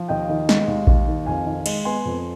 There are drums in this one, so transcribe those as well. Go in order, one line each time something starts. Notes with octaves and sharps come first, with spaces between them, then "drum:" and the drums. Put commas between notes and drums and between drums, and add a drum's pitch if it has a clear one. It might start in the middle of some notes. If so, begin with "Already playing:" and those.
Already playing: F3
D#2 D#5 G5
D#3
G#3, drum: snare
D#2
D#2, drum: kick A#1
D#3
F2 F5 G#5
D#3
G#3, drum: cymbal
B3 G#5 C6
F2